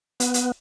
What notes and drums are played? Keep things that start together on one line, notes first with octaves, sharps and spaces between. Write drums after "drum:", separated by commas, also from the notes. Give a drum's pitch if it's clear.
B3, drum: hi-hat
drum: hi-hat